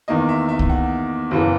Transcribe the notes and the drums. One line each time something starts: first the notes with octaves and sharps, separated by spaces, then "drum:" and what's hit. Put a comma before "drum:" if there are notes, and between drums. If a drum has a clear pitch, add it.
E2 D#3 A#3 D#5
E5
E5
drum: kick C2
F#5
F#1 E2 C#3 E3